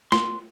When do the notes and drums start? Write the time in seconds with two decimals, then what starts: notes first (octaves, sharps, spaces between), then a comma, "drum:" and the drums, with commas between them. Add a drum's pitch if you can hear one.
0.12 C6, drum: snare